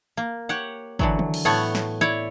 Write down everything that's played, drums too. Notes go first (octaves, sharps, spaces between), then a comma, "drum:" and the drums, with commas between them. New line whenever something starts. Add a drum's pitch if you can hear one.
A#3
G4 C#5 F#5
D3 E3 F#3, drum: kick
drum: tom D#3
drum: cymbal
A2 A3 B3 C#5 F#5
drum: snare
E4 C#5 D5